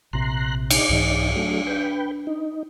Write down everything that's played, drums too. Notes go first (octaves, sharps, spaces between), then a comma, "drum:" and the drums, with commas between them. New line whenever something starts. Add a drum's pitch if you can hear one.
A#1 C3 A#5 C6 F#6
D#4 D5, drum: cymbal
C2 G#2 E3
F#3 A3 D4
B4 G5
D#4